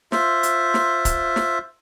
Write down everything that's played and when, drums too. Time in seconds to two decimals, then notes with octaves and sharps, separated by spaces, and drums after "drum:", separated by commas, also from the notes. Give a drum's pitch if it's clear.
0.12 F4 C5 E5, drum: snare
0.43 drum: hi-hat
0.74 drum: snare
1.05 drum: kick C#1, hi-hat
1.36 drum: snare